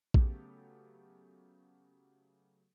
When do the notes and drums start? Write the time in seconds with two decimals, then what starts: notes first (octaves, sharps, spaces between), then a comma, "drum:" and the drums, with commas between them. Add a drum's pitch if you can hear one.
0.14 C#3 F#3 A3 B3 G4 A4, drum: kick A#1